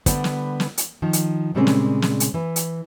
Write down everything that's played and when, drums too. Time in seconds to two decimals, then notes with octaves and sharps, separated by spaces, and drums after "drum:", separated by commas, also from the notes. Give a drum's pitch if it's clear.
0.06 D3 G3 B3 E4 C5 D5, drum: kick, hi-hat
0.24 drum: snare
0.60 drum: snare
0.78 drum: hi-hat
1.02 D#3 F3
1.13 drum: hi-hat
1.55 A#2 C#3 G3 G#3 C4 C#4
1.67 drum: snare
2.02 drum: snare
2.20 drum: hi-hat
2.34 E3 B4
2.56 drum: hi-hat